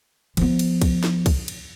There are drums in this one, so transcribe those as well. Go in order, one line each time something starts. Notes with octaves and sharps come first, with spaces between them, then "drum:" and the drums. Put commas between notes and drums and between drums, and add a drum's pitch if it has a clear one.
F3 B3, drum: cymbal
drum: cymbal
drum: kick, cymbal
drum: snare
drum: kick, cymbal
drum: cymbal